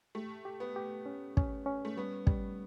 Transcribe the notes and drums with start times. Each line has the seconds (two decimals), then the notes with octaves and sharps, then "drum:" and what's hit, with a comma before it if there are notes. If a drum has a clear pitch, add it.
0.15 A3 G4
0.45 G4
0.60 B3
0.76 G4
1.06 C#4
1.37 C#4, drum: kick
1.66 C#4
1.85 A3
1.97 G3 B3
2.27 G3, drum: kick